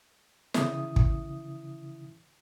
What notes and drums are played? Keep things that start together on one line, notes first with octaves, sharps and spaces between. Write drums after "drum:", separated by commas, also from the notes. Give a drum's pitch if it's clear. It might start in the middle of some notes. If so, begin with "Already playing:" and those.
C#3 E3 E4 D#6, drum: snare
drum: kick